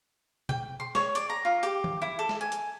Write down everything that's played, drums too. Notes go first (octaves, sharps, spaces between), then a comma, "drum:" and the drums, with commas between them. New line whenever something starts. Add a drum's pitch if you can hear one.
G5, drum: tom B2
C6
C#5, drum: snare
D5, drum: hi-hat
A#5
F4
G4, drum: hi-hat
drum: tom D#3
E4
A4
drum: snare
G#5
drum: hi-hat